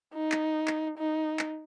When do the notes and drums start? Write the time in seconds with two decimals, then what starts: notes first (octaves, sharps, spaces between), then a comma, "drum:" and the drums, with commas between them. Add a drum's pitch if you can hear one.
0.14 D#4
0.32 drum: clap
0.68 drum: clap
0.98 D#4
1.39 drum: clap